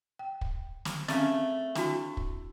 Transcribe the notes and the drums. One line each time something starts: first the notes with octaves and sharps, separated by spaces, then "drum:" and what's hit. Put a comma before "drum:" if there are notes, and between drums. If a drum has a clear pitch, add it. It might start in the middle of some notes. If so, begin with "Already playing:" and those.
G5
drum: kick
drum: snare
C#3 A3 C4 C#4, drum: snare
D4 E4 F#4, drum: snare
drum: kick